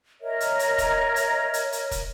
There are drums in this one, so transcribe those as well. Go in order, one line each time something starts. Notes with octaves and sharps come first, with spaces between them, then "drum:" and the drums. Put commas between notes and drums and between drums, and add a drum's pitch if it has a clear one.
A#4 C#5 D#5 E5
drum: hi-hat
drum: hi-hat
drum: kick, hi-hat
drum: hi-hat
drum: hi-hat
drum: hi-hat
drum: kick, hi-hat